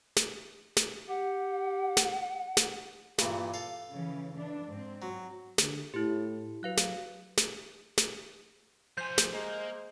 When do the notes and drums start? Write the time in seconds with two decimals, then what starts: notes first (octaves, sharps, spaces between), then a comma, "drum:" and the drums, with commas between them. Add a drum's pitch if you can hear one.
0.16 drum: snare
0.77 drum: snare
1.08 G4 F#5
1.97 drum: snare
2.57 drum: snare
3.18 G2 A#2 E3, drum: snare
3.54 A4 F5
3.91 C#3 E3
4.33 E3 D4
4.67 G#2 C4
5.02 F#3
5.58 D3, drum: snare
5.94 A2 E4 G4
6.63 F#3 B4 F5 F#6
6.77 drum: snare
7.37 drum: snare
7.98 drum: snare
8.98 F3 C5 G#5 G6
9.18 drum: snare
9.34 G#3 A#3